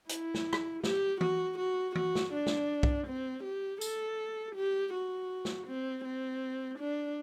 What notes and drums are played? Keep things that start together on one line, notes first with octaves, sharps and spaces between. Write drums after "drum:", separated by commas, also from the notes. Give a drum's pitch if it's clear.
E4, drum: hi-hat
drum: snare
drum: rim click
G4, drum: snare
F#4, drum: tom E3
F#4
F#4, drum: tom E3
drum: snare
D4
drum: snare
drum: kick
C4
G4
A4, drum: tambourine
G4
F#4
drum: snare
C4
C4
D4